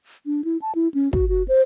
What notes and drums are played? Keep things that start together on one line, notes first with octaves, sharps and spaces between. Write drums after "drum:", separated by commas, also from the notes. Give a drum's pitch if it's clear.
D4
E4
A5
E4
C#4
F#4, drum: kick
F#4
C5